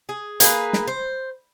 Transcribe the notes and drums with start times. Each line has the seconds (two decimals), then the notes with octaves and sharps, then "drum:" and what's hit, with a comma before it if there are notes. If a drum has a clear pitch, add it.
0.09 G#4
0.40 A#3 G#4 A#4 B4, drum: hi-hat
0.73 drum: snare
0.87 C5